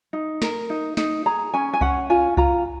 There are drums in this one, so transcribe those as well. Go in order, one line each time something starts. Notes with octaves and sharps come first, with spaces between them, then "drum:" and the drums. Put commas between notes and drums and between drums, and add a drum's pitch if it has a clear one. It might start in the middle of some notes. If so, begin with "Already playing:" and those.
D#4
A#4, drum: snare
D#4
D#4, drum: snare
G#4 A#5
C#4 G#5
G#5
C#4 F#5, drum: kick C2
F4 G#5
F4 A#5, drum: kick C2